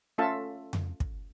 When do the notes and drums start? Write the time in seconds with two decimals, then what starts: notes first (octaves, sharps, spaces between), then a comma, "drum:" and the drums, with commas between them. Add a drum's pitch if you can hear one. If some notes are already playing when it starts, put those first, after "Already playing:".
0.18 A3 C#4 F4 A4 E5 A5
0.73 drum: tom F2
1.00 drum: kick